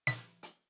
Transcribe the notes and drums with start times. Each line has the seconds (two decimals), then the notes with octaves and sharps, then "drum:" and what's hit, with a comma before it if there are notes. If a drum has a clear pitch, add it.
0.07 B6, drum: snare
0.43 drum: hi-hat